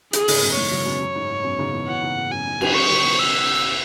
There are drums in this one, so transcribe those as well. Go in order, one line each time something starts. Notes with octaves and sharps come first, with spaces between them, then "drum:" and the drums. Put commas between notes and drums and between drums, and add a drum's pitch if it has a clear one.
G#4, drum: hi-hat
G#2 C#3, drum: open hi-hat
F#2 B2
E3 G#3 C#5
C#3 F#3
F#2 B2
F#2
G#2
G#2
F#2 B2
G#2 C#3
B2 E3
B2 E3 F#5
G#2 C#3
G#2
F#2 G#5
G#2
F#2, drum: cymbal
F#2 C#6
C#3 F#3
B2 E3
E6